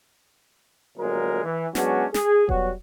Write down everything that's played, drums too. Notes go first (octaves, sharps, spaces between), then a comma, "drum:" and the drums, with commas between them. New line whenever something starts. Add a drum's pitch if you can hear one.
G1 A#2 F#3 G#3 A#4
E3
F#3 G#3 B3 C#4 D4 F#4, drum: snare
G#4, drum: snare
F#3 G3 B3 F#4, drum: kick E1